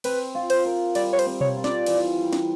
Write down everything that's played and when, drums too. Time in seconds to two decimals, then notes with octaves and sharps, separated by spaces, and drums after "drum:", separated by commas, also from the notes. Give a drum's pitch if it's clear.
0.04 C4 B4, drum: cymbal
0.35 F4
0.50 C5, drum: cymbal
0.65 A#4
0.95 G3 D5, drum: cymbal
1.13 C#5
1.19 C5, drum: cymbal
1.26 C4
1.41 C#5, drum: tom B2
1.57 F4
1.64 D5, drum: snare
1.86 E3, drum: cymbal
2.18 G3
2.33 drum: snare